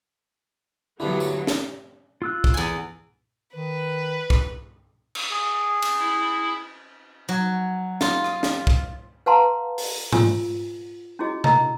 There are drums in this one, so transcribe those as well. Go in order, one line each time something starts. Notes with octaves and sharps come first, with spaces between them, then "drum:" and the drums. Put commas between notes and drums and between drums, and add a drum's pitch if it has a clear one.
D2 G2 D3 F#3 B3 E4
drum: tambourine
drum: snare
F4 E6 F#6
drum: kick
E2 G#5
D#3 B4
drum: kick
drum: cymbal
G#4
drum: cymbal
E4
F#3
F4, drum: snare
drum: rim click
drum: snare
drum: kick
B4 F5 F#5 A5 A#5 C6
drum: open hi-hat
F4 G#5 E6, drum: tom G#2
C#4 E4 F#4 G#4 D#5
D#5 A#5 E6, drum: tom C3